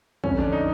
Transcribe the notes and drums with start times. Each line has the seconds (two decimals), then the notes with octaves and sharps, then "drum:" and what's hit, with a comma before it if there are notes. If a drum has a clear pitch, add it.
0.24 F1 F2 D3 C#4, drum: kick
0.39 D4
0.52 D#4